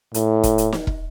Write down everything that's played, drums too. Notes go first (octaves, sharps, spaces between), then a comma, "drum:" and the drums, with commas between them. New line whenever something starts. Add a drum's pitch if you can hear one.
A2, drum: hi-hat
drum: kick E1, hi-hat
drum: hi-hat
drum: snare
drum: kick E1